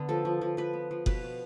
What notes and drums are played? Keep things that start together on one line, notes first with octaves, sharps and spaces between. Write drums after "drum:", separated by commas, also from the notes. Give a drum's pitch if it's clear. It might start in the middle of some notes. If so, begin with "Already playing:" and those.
Already playing: D3 B3
F3 A4
F3
F3
F3 B4
B3
F3
B2 B4, drum: kick F#1
B2